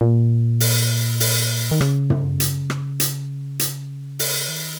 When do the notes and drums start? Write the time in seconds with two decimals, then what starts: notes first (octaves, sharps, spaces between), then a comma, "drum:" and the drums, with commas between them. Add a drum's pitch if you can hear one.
0.01 A#2
0.60 drum: open hi-hat
1.20 drum: open hi-hat
1.71 D#3
1.81 C#3, drum: rim click
2.10 drum: tom
2.40 drum: hi-hat
2.70 drum: rim click
3.00 drum: hi-hat
3.59 drum: hi-hat
4.19 drum: open hi-hat
4.49 D#3